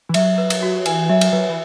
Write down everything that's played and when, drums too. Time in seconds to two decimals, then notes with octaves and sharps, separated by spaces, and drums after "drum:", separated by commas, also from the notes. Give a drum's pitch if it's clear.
0.09 E3
0.14 F#3 E5, drum: cymbal
0.38 B4
0.50 drum: cymbal
0.63 F#4
0.86 E3 G#5, drum: cymbal
1.10 F#3 E5
1.21 drum: cymbal
1.33 F#3 B4
1.49 E3